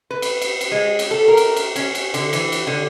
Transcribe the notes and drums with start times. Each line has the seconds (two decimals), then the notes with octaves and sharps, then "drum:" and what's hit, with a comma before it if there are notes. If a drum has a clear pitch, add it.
0.11 B4
0.22 drum: cymbal
0.42 drum: cymbal
0.61 drum: cymbal
0.72 G#3
0.99 drum: cymbal
1.11 A4
1.28 A#4
1.37 drum: cymbal
1.56 drum: cymbal
1.76 C#4, drum: cymbal
1.95 drum: cymbal
2.14 D3, drum: cymbal
2.33 E3, drum: cymbal
2.52 drum: cymbal
2.67 D3